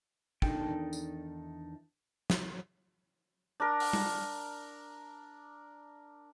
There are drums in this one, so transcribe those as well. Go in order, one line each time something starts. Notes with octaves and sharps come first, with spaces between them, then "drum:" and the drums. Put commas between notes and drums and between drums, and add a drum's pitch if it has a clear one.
E2 D#3 D4 D#4 A4 G5, drum: kick
drum: tambourine
drum: snare
D4 A#4
drum: open hi-hat
drum: tom G3